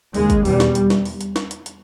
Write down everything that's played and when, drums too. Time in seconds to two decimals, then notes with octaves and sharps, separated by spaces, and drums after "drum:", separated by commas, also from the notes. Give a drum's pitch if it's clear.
0.14 D#2 C#3 G#3, drum: open hi-hat
0.30 drum: kick G#1, hi-hat
0.45 E2 B2 G3, drum: open hi-hat
0.60 drum: snare
0.75 drum: hi-hat
0.90 drum: snare
1.05 drum: open hi-hat
1.21 drum: hi-hat
1.36 drum: snare
1.51 drum: hi-hat
1.66 drum: hi-hat